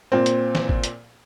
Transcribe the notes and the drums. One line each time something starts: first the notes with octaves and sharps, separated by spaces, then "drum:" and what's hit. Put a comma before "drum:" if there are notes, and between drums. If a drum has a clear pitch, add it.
A#2 C4
drum: hi-hat
drum: snare
drum: kick
drum: hi-hat